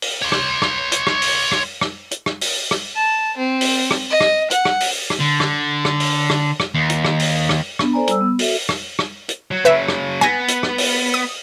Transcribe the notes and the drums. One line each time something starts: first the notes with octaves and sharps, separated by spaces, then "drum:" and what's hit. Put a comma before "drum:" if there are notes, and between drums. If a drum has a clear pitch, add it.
drum: open hi-hat
C#5 C6
drum: rim click
drum: rim click
drum: hi-hat
drum: rim click
drum: open hi-hat
drum: rim click
drum: rim click
drum: hi-hat
drum: rim click
drum: open hi-hat
drum: rim click
A5
C4
drum: open hi-hat
drum: rim click
D#5
drum: rim click
F#5, drum: hi-hat
drum: rim click
drum: open hi-hat
drum: rim click
D3
drum: rim click
drum: rim click
drum: open hi-hat
drum: rim click
drum: rim click
D#2
drum: hi-hat
drum: rim click
drum: open hi-hat
drum: rim click
B3 D4, drum: rim click
A4 C5 D5 G#5 A#5
G3 E6, drum: hi-hat
B3
F#4 A4 E5, drum: open hi-hat
drum: rim click
drum: rim click
drum: hi-hat
F#3
C#3 F#3 B4 E5
drum: rim click
B3 G#5 A#6, drum: rim click
drum: hi-hat
drum: rim click
drum: open hi-hat
D#6